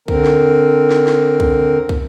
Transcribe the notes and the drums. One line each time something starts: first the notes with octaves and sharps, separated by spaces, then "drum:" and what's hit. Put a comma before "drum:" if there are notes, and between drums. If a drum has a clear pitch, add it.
D3 C4 A#4, drum: kick
drum: snare
drum: snare
drum: snare
drum: kick
drum: kick